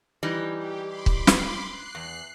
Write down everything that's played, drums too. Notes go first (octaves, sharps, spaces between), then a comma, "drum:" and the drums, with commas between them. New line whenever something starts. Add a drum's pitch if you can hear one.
E3 G3 D#4
G4
B5 C6 D6
drum: kick C#1
drum: snare
F#6 C7
E2